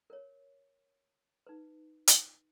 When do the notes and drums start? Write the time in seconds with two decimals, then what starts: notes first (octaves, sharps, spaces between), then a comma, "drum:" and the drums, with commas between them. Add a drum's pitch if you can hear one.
0.10 A#4 C#5
1.47 D#4 B4
2.07 drum: hi-hat